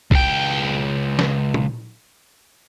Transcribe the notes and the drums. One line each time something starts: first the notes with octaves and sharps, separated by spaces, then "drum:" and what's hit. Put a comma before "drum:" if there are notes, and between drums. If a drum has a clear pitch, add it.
C#2 G5, drum: kick C2
drum: snare
drum: tom A#2